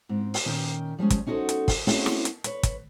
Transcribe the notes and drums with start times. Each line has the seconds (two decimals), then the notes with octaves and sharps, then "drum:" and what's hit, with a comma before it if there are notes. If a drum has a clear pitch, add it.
0.09 G#2 C4
0.34 drum: open hi-hat
0.45 A#2 D#3 C#4 A#4 G5
0.99 F3 G3 G#3 C#4
1.10 drum: kick, hi-hat
1.27 C#4 D#4 F#4 G4 A4 C5
1.49 drum: hi-hat
1.68 drum: kick, open hi-hat
1.87 A3 C4 C#4 E4 F#4 G#4, drum: open hi-hat
2.06 drum: snare
2.25 drum: hi-hat
2.44 B4 C#5, drum: hi-hat
2.63 drum: kick, hi-hat